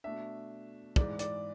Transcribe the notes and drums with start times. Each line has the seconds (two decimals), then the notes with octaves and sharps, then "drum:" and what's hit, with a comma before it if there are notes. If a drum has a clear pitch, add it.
0.04 B2 A3 D4 E5
0.96 G#2 E3 G#3 D5, drum: kick
1.19 D5, drum: hi-hat